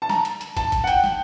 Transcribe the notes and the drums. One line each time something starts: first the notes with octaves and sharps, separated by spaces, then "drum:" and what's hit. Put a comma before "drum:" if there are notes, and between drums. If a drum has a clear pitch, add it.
A5
A#5, drum: snare
drum: hi-hat
drum: hi-hat
A5, drum: kick, hi-hat
drum: kick, hi-hat
F#5
G5, drum: hi-hat
drum: snare